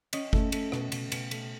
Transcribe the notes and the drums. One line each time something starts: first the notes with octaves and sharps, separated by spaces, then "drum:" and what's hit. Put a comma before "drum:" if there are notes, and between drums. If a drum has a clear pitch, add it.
C#4 D#5, drum: cymbal
A3, drum: kick G1
A3, drum: cymbal
B2, drum: rim click
B2, drum: cymbal
B2, drum: cymbal
A3, drum: cymbal